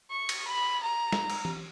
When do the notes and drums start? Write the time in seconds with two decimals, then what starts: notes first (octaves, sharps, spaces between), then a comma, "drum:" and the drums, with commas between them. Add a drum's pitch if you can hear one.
0.11 C#6
0.29 drum: cymbal
0.47 B5
0.82 A#5
1.13 drum: snare
1.30 drum: cymbal
1.45 drum: tom E3